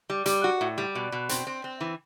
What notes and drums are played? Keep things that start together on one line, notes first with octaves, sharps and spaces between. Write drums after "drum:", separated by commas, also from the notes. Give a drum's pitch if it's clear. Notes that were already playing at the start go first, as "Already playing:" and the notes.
G3
G3, drum: hi-hat
F#4
A2
G3
B2
B2
C4, drum: hi-hat
C4
C4
E3